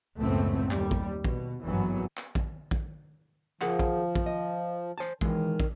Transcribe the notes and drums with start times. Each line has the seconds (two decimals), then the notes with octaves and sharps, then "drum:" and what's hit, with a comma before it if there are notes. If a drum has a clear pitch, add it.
0.18 C#2 F#2 A2 A3 B3 C4
0.71 D#2 G3, drum: clap
0.91 drum: kick
1.24 B2, drum: kick
1.63 G#1 G2 E3 F#3 B3
2.17 drum: clap
2.35 drum: kick
2.71 drum: kick
3.61 F3 G#4 A#4 F#5, drum: clap
3.79 drum: kick
4.15 drum: kick
4.26 D#5
4.98 C5 G#5 A5
5.21 D#3 E3 G#3, drum: kick
5.60 drum: kick